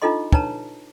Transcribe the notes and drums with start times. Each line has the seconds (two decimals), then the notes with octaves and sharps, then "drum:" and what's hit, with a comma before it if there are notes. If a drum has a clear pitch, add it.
0.02 D4 D#4 F4 A4 D#5 C6
0.32 D4 D#4 B4 C#5 A5 A#5, drum: kick